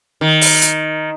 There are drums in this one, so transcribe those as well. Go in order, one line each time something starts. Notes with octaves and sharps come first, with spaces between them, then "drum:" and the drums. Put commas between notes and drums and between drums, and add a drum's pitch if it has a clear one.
D#3
drum: open hi-hat
drum: hi-hat